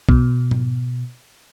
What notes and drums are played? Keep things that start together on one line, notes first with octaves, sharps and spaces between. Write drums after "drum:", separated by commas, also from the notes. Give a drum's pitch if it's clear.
B2, drum: kick B1
drum: tom G#2